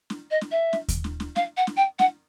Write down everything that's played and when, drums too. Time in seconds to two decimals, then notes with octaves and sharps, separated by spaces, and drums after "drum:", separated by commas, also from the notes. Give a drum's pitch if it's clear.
0.10 drum: snare
0.31 D#5
0.41 drum: snare
0.51 E5
0.73 drum: snare
0.88 drum: kick D#2, hi-hat
1.04 drum: snare
1.20 drum: snare
1.36 F5, drum: snare
1.57 F#5
1.67 drum: snare
1.77 G5
1.99 F#5, drum: snare